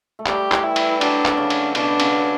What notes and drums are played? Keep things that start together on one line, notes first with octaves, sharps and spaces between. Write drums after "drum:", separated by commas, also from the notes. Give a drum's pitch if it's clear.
A3
G3 G4, drum: clap
E3, drum: clap
E4
drum: cymbal
F#3 D4, drum: cymbal
drum: clap
C#3 C#4
drum: cymbal
B2 B3 D4, drum: cymbal
C#3 C#4, drum: cymbal